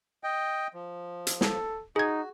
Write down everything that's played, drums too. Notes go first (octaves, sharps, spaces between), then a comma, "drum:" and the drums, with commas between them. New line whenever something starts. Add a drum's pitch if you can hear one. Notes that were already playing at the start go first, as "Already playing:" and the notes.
D#5 G5
F3
drum: hi-hat
A4, drum: snare
D#4 F#4 G#4 G#6